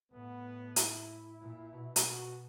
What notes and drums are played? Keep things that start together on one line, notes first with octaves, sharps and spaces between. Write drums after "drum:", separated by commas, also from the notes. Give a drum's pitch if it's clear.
A2 B3
E4, drum: hi-hat
A#2
B2
drum: hi-hat
F#4